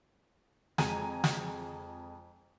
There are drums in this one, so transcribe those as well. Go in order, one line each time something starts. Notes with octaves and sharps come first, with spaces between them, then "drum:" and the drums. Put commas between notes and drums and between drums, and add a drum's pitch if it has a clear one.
F2 G#3 G#5 A#5 D#7, drum: snare
drum: snare